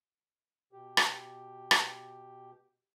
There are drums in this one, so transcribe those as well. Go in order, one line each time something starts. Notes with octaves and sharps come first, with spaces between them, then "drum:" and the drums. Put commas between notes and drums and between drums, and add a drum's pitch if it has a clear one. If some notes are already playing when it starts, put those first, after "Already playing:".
B2 G4
drum: rim click
drum: rim click